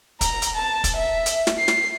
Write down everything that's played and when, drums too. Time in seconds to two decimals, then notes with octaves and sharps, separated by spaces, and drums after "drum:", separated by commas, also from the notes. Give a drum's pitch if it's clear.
0.21 A#5, drum: kick, hi-hat
0.42 drum: hi-hat
0.55 A5
0.84 drum: kick, hi-hat
0.96 E5
1.26 drum: hi-hat
1.47 drum: snare
1.59 C7
1.68 drum: snare